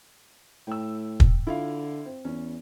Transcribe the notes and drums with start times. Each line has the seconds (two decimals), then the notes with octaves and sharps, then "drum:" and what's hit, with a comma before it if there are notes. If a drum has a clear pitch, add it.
0.67 A2 G5 E6
1.20 drum: kick
1.47 D3 E4 F4 F5
2.06 C4
2.25 E2 C#4